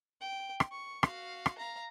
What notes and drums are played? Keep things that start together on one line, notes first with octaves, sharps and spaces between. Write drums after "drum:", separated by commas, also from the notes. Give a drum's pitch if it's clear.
G5
drum: rim click
C#6
F#4 F5, drum: rim click
drum: rim click
F5 A#5